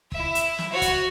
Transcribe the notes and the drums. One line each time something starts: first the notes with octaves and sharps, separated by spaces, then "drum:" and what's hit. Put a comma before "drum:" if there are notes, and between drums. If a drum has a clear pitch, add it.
E4 E5, drum: kick
drum: hi-hat
drum: snare
F#4 C#5
drum: kick, hi-hat